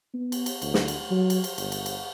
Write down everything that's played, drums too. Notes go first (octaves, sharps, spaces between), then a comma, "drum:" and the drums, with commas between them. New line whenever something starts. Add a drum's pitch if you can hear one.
B3
drum: cymbal
drum: cymbal
D2, drum: cymbal
drum: snare
drum: cymbal
F#3
drum: cymbal
drum: cymbal
G1, drum: cymbal
drum: cymbal
drum: cymbal